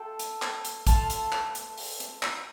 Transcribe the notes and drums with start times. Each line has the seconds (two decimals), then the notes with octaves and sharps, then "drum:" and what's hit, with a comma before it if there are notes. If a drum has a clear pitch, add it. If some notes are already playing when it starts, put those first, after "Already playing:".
Already playing: A3 F4 A4 G5
0.19 drum: hi-hat
0.42 drum: clap
0.65 drum: hi-hat
0.87 A3 F4 A4 F5 A5, drum: kick, hi-hat
1.10 drum: hi-hat
1.32 drum: clap
1.55 drum: hi-hat
1.78 drum: open hi-hat
2.00 drum: hi-hat
2.23 drum: clap